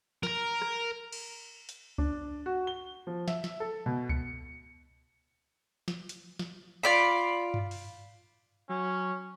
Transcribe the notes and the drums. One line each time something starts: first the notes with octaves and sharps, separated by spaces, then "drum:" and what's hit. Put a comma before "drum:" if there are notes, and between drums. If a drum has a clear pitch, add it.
A#4 A#5, drum: snare
drum: rim click
drum: cymbal
drum: hi-hat
D4, drum: kick C#2
F#4
G7
F3
E5, drum: snare
drum: snare
A4
B2
C#7, drum: kick C#2
drum: snare
drum: hi-hat
drum: snare
F4 D5 B5
drum: tom G2
drum: open hi-hat
F#3 C#4